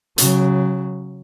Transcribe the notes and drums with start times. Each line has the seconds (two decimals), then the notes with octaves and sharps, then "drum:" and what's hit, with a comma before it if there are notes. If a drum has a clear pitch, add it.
0.18 C#3 F#3, drum: hi-hat